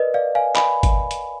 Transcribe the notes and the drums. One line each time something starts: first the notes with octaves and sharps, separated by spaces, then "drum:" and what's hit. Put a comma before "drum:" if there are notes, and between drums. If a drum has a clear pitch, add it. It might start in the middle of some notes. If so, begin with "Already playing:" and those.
Already playing: A#4 B4 D5 D#5
D5 F5
F5 G#5
G#5 B5, drum: clap
drum: kick G#1, hi-hat
drum: hi-hat